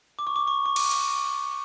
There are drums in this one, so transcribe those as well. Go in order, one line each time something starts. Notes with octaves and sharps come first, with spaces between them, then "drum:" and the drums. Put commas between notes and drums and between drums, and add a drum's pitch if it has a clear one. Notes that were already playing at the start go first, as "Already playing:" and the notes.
D6
C#6
D6
C#6
C#6
D6, drum: cymbal
drum: hi-hat